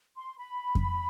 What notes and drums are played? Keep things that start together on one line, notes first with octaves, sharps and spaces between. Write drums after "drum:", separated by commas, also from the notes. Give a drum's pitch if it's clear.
C6
B5
drum: kick F2